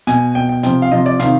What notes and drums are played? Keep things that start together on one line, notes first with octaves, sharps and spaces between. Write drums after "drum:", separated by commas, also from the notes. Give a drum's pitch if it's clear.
B2 G#5, drum: hi-hat
B2 G5
G5
C3 F3 G5, drum: hi-hat
F5
C3 F3 D#5
D5
C3 D#3 F5, drum: hi-hat